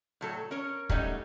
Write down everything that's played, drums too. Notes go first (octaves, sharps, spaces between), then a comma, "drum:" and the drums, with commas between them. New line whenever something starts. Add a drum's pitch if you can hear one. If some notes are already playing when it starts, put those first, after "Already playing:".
A2 F#3 A4
C#4 A#4 C#5
F#3 G3 A3 C#4 D#4, drum: kick